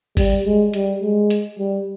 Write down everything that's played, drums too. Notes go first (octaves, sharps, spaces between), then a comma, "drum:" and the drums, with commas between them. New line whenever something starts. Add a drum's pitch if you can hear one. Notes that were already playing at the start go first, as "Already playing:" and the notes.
G3, drum: kick, open hi-hat
G#3
G3, drum: hi-hat
G#3
drum: hi-hat
G3